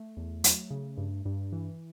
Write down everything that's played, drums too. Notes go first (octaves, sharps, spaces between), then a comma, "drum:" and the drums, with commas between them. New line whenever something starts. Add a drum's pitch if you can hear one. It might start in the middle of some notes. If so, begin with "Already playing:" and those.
Already playing: A3
E2
F#3, drum: hi-hat
C#3
G2
G2
E3